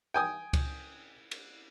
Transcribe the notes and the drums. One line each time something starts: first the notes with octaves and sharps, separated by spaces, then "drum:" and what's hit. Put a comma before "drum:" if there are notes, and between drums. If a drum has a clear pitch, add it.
G5 G#5 D#6
drum: kick C#2, cymbal
drum: cymbal